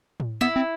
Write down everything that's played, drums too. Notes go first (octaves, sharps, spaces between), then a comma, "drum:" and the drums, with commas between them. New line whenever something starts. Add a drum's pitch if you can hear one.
drum: tom A2
B3 E4
C4